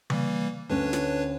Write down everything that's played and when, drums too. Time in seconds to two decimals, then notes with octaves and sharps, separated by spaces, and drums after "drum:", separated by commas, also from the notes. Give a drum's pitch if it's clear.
0.10 E3 G3 A#3, drum: tom C#3
0.70 D2 C#4 D4 B4 C#5
0.93 drum: snare